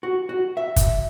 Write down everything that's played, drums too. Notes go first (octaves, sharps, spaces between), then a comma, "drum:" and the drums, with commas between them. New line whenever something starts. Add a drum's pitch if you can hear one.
F#4
F#4
E5
drum: kick, hi-hat